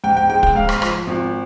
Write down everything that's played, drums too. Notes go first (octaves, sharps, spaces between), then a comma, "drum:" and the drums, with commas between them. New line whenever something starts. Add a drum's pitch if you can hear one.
G#2 G5
G5
G#3 G5
G5, drum: kick
G#2 F5
drum: rim click
F3, drum: rim click
G#1